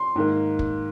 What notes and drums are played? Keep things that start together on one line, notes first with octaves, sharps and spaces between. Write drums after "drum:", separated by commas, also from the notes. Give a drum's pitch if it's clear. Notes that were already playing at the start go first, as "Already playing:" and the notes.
Already playing: C6
G#2 D#3 A#3
drum: kick